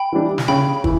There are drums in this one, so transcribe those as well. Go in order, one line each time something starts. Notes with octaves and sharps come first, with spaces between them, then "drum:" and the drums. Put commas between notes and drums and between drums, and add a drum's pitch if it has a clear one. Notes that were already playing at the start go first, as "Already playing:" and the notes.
Already playing: G5 B5
E3 G3 D4
drum: snare
C#3 G5 B5
E3, drum: kick